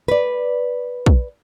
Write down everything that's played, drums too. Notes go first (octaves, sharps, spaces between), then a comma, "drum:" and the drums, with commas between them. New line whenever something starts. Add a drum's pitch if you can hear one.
B4 D5
drum: kick